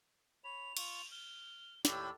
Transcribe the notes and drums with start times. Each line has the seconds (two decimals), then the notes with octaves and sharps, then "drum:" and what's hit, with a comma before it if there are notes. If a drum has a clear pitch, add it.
0.44 C#5 B5 F7
0.77 F4 C#6, drum: cymbal
1.12 F6 G7
1.85 D#2 A2 G4 D5 E6, drum: snare